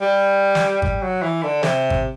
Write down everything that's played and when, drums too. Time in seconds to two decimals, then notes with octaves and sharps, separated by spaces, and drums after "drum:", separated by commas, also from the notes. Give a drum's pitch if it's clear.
0.01 G3
0.55 drum: snare
0.82 G3, drum: kick G#1
1.02 F#3
1.23 E3
1.43 D3
1.63 C3, drum: snare
1.90 drum: kick G#1